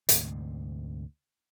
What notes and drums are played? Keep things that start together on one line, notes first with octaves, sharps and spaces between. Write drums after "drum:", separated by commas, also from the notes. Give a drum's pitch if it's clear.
D2 G#2 C3, drum: hi-hat